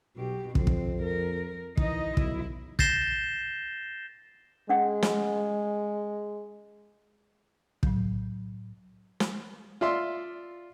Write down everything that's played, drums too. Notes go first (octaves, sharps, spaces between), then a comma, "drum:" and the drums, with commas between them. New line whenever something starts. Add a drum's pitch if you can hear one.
B1 B2 G4
F2 C4, drum: kick
drum: kick
A#4
E3 D#4 D#5, drum: kick
B1 E4, drum: kick
G6 A6 A#6 C7 E7 G7, drum: kick
G#3 C#4 F#5
drum: snare
A2 F#3, drum: kick
drum: snare
F4 D5 E5 C6